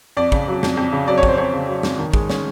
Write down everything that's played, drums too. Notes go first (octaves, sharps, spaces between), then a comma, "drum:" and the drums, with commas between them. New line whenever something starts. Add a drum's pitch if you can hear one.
F2 D5
C#3, drum: kick
F#3
F2, drum: snare
F2
C#3
F#3 D5
C#5
F2, drum: kick
C5
F2 C#5
C#3
F#3
F2, drum: snare
D#3
G#3, drum: kick
C#4, drum: snare